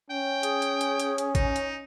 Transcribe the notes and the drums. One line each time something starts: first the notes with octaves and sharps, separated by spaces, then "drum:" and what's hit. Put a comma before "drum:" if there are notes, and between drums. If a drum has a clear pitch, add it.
C#4 G5
G#4, drum: hi-hat
drum: hi-hat
drum: hi-hat
drum: hi-hat
drum: hi-hat
D#4, drum: kick, hi-hat
drum: hi-hat